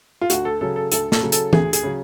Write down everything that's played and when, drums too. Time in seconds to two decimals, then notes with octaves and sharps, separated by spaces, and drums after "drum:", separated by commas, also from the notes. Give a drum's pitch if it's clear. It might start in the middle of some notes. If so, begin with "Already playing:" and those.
0.21 F4
0.30 D2 F#4, drum: hi-hat
0.45 A4
0.61 C#3 F#3 A4
0.76 A4
0.92 D2 A4, drum: hi-hat
1.12 A4, drum: snare
1.22 C#3 F#3
1.32 A4, drum: hi-hat
1.53 D2 G#4, drum: tom
1.73 G#4, drum: hi-hat
1.83 C#3 F#3